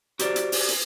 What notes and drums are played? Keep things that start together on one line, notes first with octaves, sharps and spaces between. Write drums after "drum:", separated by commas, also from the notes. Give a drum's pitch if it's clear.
F#4 G4 A#4 C5 D5, drum: hi-hat
drum: hi-hat
drum: open hi-hat
drum: hi-hat